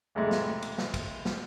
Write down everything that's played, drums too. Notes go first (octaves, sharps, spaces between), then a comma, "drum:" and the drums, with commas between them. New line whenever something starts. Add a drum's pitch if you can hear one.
B1 E2 G#2 C3 G#3 A3
drum: snare
drum: cymbal
drum: snare
drum: kick, cymbal
drum: snare